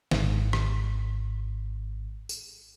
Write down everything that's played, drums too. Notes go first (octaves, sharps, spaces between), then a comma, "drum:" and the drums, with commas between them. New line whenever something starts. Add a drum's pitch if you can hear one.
G#1 G#2, drum: snare
drum: rim click
drum: tambourine